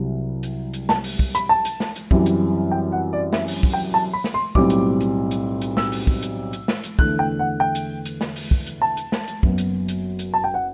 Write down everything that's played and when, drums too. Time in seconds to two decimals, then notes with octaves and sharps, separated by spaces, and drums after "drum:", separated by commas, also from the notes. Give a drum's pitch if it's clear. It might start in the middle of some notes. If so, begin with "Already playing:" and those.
Already playing: C2 C3 F#3
0.43 drum: hi-hat
0.74 drum: hi-hat
0.89 A5, drum: snare
1.04 drum: open hi-hat
1.19 drum: kick
1.35 B5, drum: hi-hat
1.49 A5
1.65 drum: hi-hat
1.80 drum: snare
1.96 drum: hi-hat
2.11 F#2 E3 G3 C4, drum: kick
2.26 drum: hi-hat
2.71 G5
2.92 F#5
3.13 D5
3.33 E5, drum: snare
3.48 drum: open hi-hat
3.63 drum: kick
3.73 G5
3.94 A5
4.13 B5
4.24 drum: snare
4.34 C6
4.55 B1 A2 G3 C4 D6, drum: kick
4.70 drum: hi-hat
5.00 drum: hi-hat
5.31 drum: hi-hat
5.61 drum: hi-hat
5.77 E6, drum: snare
5.92 drum: open hi-hat
6.07 drum: kick
6.22 drum: hi-hat
6.53 drum: hi-hat
6.68 drum: snare
6.83 drum: hi-hat
6.99 E2 D3 A3 F#6, drum: kick
7.19 G5
7.39 F#5
7.60 G5
7.75 drum: hi-hat
8.05 drum: hi-hat
8.21 drum: snare
8.36 drum: open hi-hat
8.51 drum: kick
8.66 drum: hi-hat
8.82 A5
8.97 drum: hi-hat
9.12 drum: snare
9.27 drum: hi-hat
9.43 F#1 F#2 F#3 B3, drum: kick
9.58 drum: hi-hat
9.88 drum: hi-hat
10.19 drum: hi-hat
10.34 A5
10.44 G5
10.54 F#5